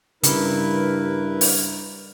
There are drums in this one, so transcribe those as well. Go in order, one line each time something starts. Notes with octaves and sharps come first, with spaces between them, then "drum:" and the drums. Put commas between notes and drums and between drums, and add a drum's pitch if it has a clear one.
G2 C#3 E4 A#4 B4, drum: hi-hat
drum: open hi-hat